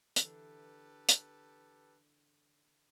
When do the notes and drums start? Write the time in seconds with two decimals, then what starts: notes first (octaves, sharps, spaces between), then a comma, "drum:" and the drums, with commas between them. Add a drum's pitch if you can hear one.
0.16 D3 E3 G4 A4 B4, drum: hi-hat
1.09 drum: hi-hat